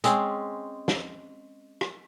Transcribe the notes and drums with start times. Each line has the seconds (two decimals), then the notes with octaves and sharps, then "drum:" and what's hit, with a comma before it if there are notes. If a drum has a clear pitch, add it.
0.04 G#3 C4 C#4, drum: hi-hat
0.88 drum: snare
1.81 drum: rim click